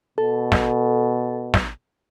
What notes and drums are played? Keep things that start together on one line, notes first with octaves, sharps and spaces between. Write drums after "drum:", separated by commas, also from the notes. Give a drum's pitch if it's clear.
B2 A4
drum: snare
drum: snare